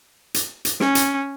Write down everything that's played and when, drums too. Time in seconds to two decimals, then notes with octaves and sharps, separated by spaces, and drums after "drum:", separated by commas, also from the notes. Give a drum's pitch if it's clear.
0.34 drum: hi-hat
0.65 drum: hi-hat
0.80 C#4, drum: snare
0.95 drum: hi-hat